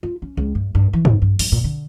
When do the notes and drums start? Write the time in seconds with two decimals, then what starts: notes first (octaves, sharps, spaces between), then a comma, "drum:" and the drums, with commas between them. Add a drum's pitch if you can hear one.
0.03 F4
0.22 C#4
0.37 C#2
0.55 G2
0.75 G2
0.93 E3
1.05 F1, drum: tom
1.22 G2
1.39 G2, drum: open hi-hat
1.52 A#2
1.64 D3